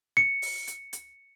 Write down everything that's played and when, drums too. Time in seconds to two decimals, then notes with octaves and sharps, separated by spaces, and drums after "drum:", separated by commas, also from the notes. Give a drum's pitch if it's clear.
0.17 C#7
0.42 drum: open hi-hat
0.67 drum: hi-hat
0.93 drum: hi-hat